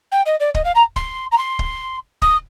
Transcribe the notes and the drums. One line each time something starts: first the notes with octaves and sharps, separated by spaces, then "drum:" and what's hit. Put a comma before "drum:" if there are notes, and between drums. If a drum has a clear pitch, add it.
G5
D#5
D5
D#5, drum: kick
F5
A#5
C6, drum: kick
A#5
C6
drum: kick
D#6, drum: kick